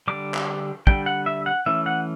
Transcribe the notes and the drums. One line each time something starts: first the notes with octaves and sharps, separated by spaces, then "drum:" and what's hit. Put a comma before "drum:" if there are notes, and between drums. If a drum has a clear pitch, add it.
D3 G3 D4 D6
drum: clap
D3 G3 D4 G5, drum: kick
F#5
E5
F#5
E3 A3 C#4 E5
F#5